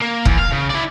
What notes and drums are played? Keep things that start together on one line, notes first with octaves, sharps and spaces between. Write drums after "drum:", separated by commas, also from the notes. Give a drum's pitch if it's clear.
A#3
E2, drum: kick
F5
C#3
E4 D5